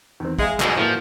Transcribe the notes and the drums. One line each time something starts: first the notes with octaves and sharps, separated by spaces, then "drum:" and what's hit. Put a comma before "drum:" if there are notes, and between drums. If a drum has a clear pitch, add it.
E2 D#3 C4
G#3 E5 F5, drum: kick
E2 B2 D3 G#3, drum: clap
A2 F3 A#3 E4